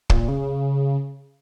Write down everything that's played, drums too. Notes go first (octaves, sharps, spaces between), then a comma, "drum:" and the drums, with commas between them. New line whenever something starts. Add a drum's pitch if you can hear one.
A#2, drum: kick
C#3